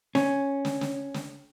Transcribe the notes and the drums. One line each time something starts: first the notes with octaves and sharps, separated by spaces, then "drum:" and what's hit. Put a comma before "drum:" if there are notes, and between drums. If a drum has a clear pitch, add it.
C#4, drum: snare
drum: snare
drum: snare
drum: snare